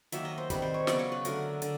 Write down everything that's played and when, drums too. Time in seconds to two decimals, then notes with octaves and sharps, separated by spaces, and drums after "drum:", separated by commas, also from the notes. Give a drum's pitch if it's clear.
0.12 D#3 F#3 A#3 E5, drum: hi-hat
0.25 D#5
0.38 C5
0.50 C3 D#3 G3 B4, drum: kick, hi-hat
0.62 C5
0.74 C#5
0.87 C#3 F#3 B3 D5, drum: snare
0.99 C#5
1.12 B4
1.25 D3 F#3 A3 A#4, drum: hi-hat
1.62 D3, drum: hi-hat